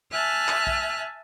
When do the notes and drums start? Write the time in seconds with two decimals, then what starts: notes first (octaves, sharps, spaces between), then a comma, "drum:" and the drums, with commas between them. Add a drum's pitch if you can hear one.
0.12 E5 G#5 A5 F6 F#6
0.48 drum: clap
0.67 drum: kick B1